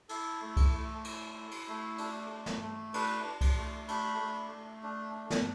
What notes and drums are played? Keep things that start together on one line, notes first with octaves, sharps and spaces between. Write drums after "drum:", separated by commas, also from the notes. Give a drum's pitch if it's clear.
E4 A4, drum: cymbal
A3
drum: kick C2, cymbal
A3
E4, drum: cymbal
E4
drum: cymbal
A3
D4, drum: cymbal
A3
drum: snare
A3
D4 B4, drum: cymbal
D4
drum: kick C2, cymbal
A3
D4 B5, drum: cymbal
A3
A3
D4
D4
drum: snare